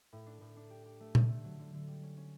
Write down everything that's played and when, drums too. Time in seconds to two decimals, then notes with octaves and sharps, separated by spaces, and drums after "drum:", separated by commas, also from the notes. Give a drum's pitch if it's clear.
0.12 A2
0.26 D4
0.41 A2
0.56 D4
0.70 G4
0.86 G4
1.00 A3
1.15 D3, drum: tom A#2
1.29 A3
1.44 F#3
1.59 D3
1.74 D3
1.87 G3
2.03 C#4
2.17 C#4